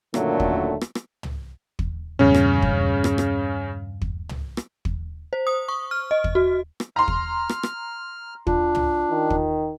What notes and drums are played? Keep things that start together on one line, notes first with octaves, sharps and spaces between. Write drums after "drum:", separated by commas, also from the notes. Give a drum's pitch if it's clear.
F#2 A#2 D3 D#3 F#3 A3, drum: rim click
drum: kick
drum: rim click
drum: rim click
drum: tom
drum: kick
E2 G2 A#2 C#3 C#4
drum: rim click
drum: kick
drum: rim click
drum: rim click
drum: kick
drum: tom
drum: rim click
drum: kick
C5
D#6
C#6
F6
D#5
drum: kick
F#4
drum: rim click
A#5 C6 F6
drum: kick
drum: rim click
drum: rim click
D4 F4, drum: kick
drum: tom
D#3
drum: kick